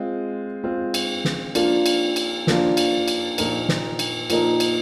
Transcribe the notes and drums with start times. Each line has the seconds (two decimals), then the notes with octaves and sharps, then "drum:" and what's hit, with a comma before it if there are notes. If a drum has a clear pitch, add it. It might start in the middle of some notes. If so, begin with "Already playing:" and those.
Already playing: G#3 C4 F4
0.64 G#3 C4 F4
0.94 drum: cymbal
1.25 drum: snare
1.55 F3 A#3 D4 F4, drum: cymbal
1.86 drum: cymbal
2.16 drum: cymbal
2.47 F3 A#3 D4 F4, drum: snare
2.77 drum: cymbal
3.08 drum: cymbal
3.38 A#2 F3 A#3 D#4 A#4, drum: cymbal
3.69 drum: snare
3.99 drum: cymbal
4.30 A#2 F3 A#3 D#4 A#4, drum: cymbal
4.60 drum: cymbal